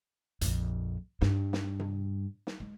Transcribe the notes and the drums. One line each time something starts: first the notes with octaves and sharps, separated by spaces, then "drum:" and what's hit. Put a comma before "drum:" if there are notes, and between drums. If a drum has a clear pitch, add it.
A#1 F2, drum: hi-hat
G2, drum: snare
drum: snare
drum: tom C3
drum: snare
G#3